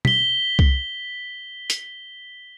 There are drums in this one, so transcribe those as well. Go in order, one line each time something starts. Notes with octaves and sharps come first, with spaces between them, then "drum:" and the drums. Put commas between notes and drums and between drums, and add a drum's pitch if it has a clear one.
B6 G7, drum: tom
drum: kick C2
drum: hi-hat